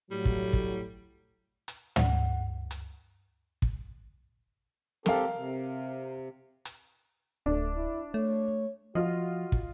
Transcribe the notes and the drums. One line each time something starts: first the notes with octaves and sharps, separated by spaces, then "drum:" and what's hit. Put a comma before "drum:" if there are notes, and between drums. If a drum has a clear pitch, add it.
A2 F#3 G3
drum: kick
drum: kick
drum: hi-hat
F#5, drum: tom
drum: hi-hat
drum: kick
C4 G4 A4 A#4 F5, drum: snare
C3
drum: hi-hat
D1 A3 D4
E4
A3 C#5
F3 F4 F#4 D#5
drum: kick